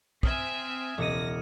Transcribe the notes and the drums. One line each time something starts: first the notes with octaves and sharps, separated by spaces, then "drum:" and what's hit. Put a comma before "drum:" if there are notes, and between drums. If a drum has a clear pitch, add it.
C4 E5 G#5 D#6 F6 G#6, drum: kick
E1 C#2 D6 A#6 C#7 D#7